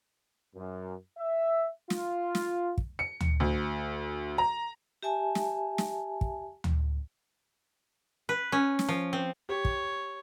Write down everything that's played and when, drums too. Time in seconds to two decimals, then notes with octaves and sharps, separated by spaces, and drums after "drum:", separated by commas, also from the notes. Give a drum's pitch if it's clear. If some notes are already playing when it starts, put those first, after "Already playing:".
0.56 F#2
1.18 E5
1.90 F4, drum: snare
2.35 drum: snare
2.78 drum: kick
2.99 C#7
3.21 drum: tom D2
3.40 D2
4.38 A#5
5.03 G4 E5 G#5 A5
5.35 drum: snare
5.78 drum: snare
6.21 drum: kick
6.64 drum: tom D2
8.29 B4
8.52 C#4
8.79 drum: snare
8.89 F3
9.13 C4
9.49 G4 C#5
9.65 drum: kick